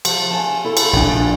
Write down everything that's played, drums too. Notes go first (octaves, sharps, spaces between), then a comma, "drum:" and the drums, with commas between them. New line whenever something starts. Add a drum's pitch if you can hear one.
F3, drum: cymbal
G#5 A5
E4 A4
drum: cymbal
A#1 D4 G5 G#5